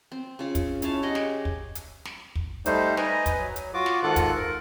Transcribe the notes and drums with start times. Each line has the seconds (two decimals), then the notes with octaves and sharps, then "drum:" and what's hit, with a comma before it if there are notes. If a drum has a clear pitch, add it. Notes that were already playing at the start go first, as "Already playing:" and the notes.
0.12 C4
0.39 C#3 F4
0.55 drum: kick, hi-hat
0.82 C#4 E4 F5 A5, drum: hi-hat
1.03 G4 G#4 D#5 F#5
1.15 drum: snare
1.45 drum: kick
1.75 drum: hi-hat
2.05 drum: snare
2.35 drum: kick
2.66 G3 A3 D#4 C5, drum: hi-hat
2.97 B4 D#5 G#5 A#5, drum: snare
3.26 drum: kick, hi-hat
3.39 F#3
3.56 drum: hi-hat
3.74 F4 F#4 D6
3.86 drum: snare
4.03 G#2 D#3 F4 A4 F#5 F#6
4.16 drum: kick, hi-hat
4.36 A#4